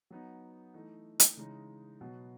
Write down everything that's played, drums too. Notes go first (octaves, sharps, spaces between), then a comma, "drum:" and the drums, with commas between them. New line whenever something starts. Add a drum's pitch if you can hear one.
F#3 B3 D#4
E3 A3 D#4
drum: hi-hat
C#3 E3 G#3 D#4
B2 F#3 B3 F#4